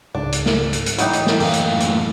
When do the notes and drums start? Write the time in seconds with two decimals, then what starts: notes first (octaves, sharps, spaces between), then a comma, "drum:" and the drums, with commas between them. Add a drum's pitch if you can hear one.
0.15 C#2 G#2 C#3 D4
0.32 drum: hi-hat
0.46 drum: snare
0.73 drum: hi-hat
0.86 drum: hi-hat
0.98 A2 E3 F#3 D#4 E4 G4, drum: hi-hat
1.13 drum: hi-hat
1.26 drum: snare
1.40 F#2 A#2 G4 D#5 F5, drum: open hi-hat
1.53 drum: hi-hat
1.80 drum: hi-hat